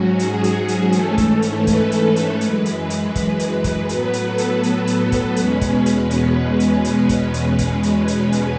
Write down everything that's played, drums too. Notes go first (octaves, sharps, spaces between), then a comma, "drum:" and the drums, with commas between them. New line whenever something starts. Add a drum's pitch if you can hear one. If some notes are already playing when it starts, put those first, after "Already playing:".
Already playing: G#2 F#3 C#4 F#4
G#4, drum: hi-hat
drum: hi-hat
drum: hi-hat
G#2 E3 A3 C#4 A4, drum: hi-hat
drum: kick, hi-hat
drum: hi-hat
B4, drum: kick, hi-hat
drum: hi-hat
drum: hi-hat
F#2 E3 G#3 B4, drum: hi-hat
drum: hi-hat
drum: hi-hat
B4, drum: kick, hi-hat
drum: hi-hat
drum: kick, hi-hat
A2 F#3 B3 B4, drum: hi-hat
drum: hi-hat
A4
drum: hi-hat
B4, drum: hi-hat
drum: hi-hat
drum: kick, hi-hat
E2 B2 G#3 C#4, drum: hi-hat
drum: kick, hi-hat
drum: hi-hat
drum: hi-hat
drum: hi-hat
drum: hi-hat
drum: kick, hi-hat
drum: hi-hat
drum: kick, hi-hat
drum: hi-hat
drum: hi-hat
drum: hi-hat